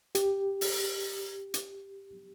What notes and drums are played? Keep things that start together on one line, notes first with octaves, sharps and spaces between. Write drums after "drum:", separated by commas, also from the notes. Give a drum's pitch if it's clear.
G4, drum: hi-hat
drum: open hi-hat
drum: hi-hat